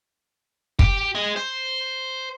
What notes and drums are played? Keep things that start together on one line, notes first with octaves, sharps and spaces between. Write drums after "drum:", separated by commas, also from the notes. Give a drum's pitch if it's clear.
G4, drum: kick
G#4 D#5
C5